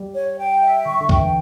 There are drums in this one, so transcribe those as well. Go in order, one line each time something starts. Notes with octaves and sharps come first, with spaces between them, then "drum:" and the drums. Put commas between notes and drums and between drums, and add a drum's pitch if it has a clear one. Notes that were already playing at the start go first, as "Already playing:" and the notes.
Already playing: G3
C#5
G5
E5
D3 C#6
D3
G5, drum: kick
E3